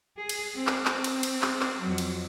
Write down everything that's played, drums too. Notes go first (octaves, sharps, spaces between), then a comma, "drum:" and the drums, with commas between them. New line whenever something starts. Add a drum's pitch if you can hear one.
G#4
drum: cymbal
C4
drum: clap
C4, drum: clap
drum: cymbal
drum: cymbal
drum: clap
drum: clap
F2 F#3
drum: cymbal